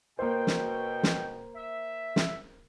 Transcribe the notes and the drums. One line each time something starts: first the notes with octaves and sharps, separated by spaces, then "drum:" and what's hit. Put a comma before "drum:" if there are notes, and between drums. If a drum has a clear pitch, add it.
B2 A#3 C5 G5
drum: snare
drum: snare
E5
drum: snare